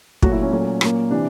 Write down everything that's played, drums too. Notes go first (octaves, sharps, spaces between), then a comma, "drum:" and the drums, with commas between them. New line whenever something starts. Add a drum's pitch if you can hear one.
A#2 F#3 A3 F#4, drum: kick
E4
C#4
A#2 F#3 A3
A#2 F#3 A#3, drum: rim click
C3 E3 D4